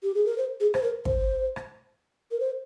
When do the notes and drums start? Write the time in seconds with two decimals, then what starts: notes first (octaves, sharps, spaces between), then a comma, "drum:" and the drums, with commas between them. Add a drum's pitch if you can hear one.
0.03 G4
0.15 G#4
0.26 A#4
0.38 C5
0.60 G#4
0.74 C5, drum: rim click
0.83 A#4
1.05 C5, drum: kick
1.56 drum: rim click
2.31 A#4
2.40 C5